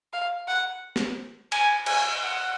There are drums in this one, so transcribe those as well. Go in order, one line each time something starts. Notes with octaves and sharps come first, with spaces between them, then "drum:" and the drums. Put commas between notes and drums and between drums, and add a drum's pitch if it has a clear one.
F5
F#5
drum: snare
G#5, drum: cymbal
G#5, drum: cymbal
F#5